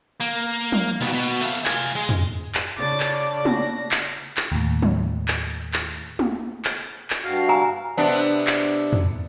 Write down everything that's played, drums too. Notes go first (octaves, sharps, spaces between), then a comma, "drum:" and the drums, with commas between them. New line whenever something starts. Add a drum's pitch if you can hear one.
A#3
drum: tom
D#2 B2
B2
A3 F5
F4 G#5, drum: clap
G#3
drum: tom
drum: clap
C#3 D4 D6 A6
drum: clap
D6
A#6, drum: tom
drum: clap
drum: clap
D#2 A2
drum: tom
drum: clap
drum: clap
drum: tom
drum: clap
drum: clap
G2 F#4 F5
G#5 A#5
C3 B3 D4
drum: clap
drum: tom